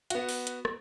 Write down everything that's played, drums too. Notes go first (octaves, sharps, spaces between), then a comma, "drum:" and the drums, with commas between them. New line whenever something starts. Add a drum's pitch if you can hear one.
B3 F#4, drum: hi-hat
drum: open hi-hat
drum: hi-hat
drum: rim click